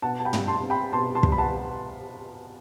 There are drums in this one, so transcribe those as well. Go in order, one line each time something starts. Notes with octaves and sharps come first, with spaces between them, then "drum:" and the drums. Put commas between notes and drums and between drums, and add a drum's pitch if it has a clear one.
B2 F#5 A5
A5
G5 B5
G3, drum: tom
A5 C6
C4
G5 B5
B2 A5 C6
A5 C6
G3, drum: kick
B5
F#5 A5